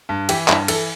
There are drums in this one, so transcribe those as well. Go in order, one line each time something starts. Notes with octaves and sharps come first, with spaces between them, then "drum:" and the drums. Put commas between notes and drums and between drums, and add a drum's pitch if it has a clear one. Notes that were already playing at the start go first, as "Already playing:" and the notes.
G2
E3 G4, drum: cymbal
G2 E4, drum: clap
E3 A4, drum: cymbal